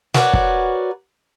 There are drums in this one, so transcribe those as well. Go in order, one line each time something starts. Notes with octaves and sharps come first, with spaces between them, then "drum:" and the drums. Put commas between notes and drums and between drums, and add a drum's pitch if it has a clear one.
F#4 A#4 B4 C#5 D5 F#5, drum: snare
drum: kick